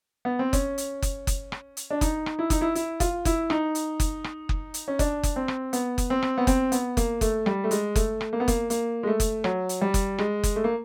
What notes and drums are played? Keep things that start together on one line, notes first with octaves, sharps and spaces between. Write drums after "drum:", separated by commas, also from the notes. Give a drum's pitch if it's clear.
B3
C4
C#4, drum: kick F#1, hi-hat
drum: hi-hat
drum: kick F#1, hi-hat
drum: kick F#1, hi-hat
drum: rim click
drum: hi-hat
D4
D#4, drum: kick F#1, hi-hat
drum: rim click
E4
D#4, drum: kick F#1, hi-hat
E4
E4, drum: hi-hat
F4, drum: kick F#1, hi-hat
E4, drum: kick F#1, hi-hat
D#4, drum: rim click
drum: hi-hat
drum: kick F#1, hi-hat
drum: rim click
drum: kick F#1
drum: hi-hat
C#4
D4, drum: kick F#1, hi-hat
drum: kick F#1, hi-hat
C4
drum: rim click
B3, drum: hi-hat
drum: kick F#1, hi-hat
C4
drum: rim click
B3
C4, drum: kick F#1, hi-hat
B3, drum: hi-hat
A#3, drum: kick F#1, hi-hat
A3, drum: kick F#1, hi-hat
G3, drum: rim click
A3
G#3, drum: hi-hat
A3, drum: kick F#1, hi-hat
drum: rim click
A#3
B3
A#3, drum: kick F#1, hi-hat
A#3, drum: hi-hat
G#3
A3
drum: kick F#1, hi-hat
F#3, drum: rim click
drum: hi-hat
G3
drum: kick F#1, hi-hat
G#3, drum: rim click
drum: kick F#1, hi-hat
A3
A#3